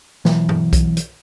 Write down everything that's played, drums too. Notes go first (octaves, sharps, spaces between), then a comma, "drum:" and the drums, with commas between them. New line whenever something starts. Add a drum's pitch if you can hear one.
B2 E3 F#3, drum: snare
drum: tom G2
drum: kick B1, hi-hat
drum: hi-hat